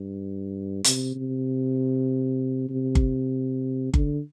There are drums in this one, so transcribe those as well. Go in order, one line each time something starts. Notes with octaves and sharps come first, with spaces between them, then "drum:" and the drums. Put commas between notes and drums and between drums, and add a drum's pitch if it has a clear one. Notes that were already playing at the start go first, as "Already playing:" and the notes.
Already playing: G2
C3, drum: hi-hat
C3
C3
drum: kick G1
D3, drum: kick G1